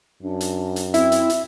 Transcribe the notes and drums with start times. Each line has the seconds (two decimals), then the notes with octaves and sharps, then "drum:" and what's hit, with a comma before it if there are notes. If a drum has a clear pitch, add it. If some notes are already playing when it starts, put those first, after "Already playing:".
0.22 F#2 D4
0.41 drum: hi-hat
0.76 drum: hi-hat
0.94 C4 E4 E5, drum: hi-hat
1.12 drum: hi-hat
1.30 drum: hi-hat